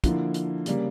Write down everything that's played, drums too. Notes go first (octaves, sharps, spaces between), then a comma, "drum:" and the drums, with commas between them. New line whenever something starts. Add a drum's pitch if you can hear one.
D3 F3 A#3 E4, drum: kick, hi-hat
drum: hi-hat
C#3 G3 A#3, drum: hi-hat